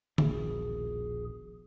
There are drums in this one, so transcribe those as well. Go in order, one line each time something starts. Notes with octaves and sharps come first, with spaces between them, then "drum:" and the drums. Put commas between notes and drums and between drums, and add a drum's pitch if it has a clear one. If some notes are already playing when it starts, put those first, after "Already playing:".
D#1 A#1 B2 G#4, drum: tom D3